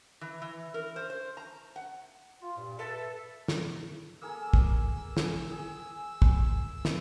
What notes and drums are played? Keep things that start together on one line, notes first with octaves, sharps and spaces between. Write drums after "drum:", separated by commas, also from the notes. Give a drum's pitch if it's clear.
E3
E3
A#4
C5
C5
A#5
F#5
F4
G2 A#2
A4 B4 E5
drum: snare
A#3 G#4 A4 E6
drum: kick
drum: snare
G#4
drum: kick
drum: snare